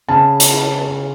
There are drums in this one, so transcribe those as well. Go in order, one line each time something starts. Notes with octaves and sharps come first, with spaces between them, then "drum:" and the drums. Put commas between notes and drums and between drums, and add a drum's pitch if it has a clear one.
C#3 A5
drum: hi-hat